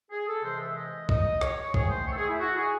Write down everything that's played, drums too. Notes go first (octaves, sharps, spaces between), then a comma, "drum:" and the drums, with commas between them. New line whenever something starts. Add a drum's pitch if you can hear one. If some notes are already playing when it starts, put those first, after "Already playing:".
G#4
A4
C2 C3 E3 G#3 C4 C5
E5
D#5
D#5, drum: kick
C#5, drum: rim click
G#2 D#3 A3 G#4, drum: kick
C5
C#5
A4
G#4
E4
F#4
G#4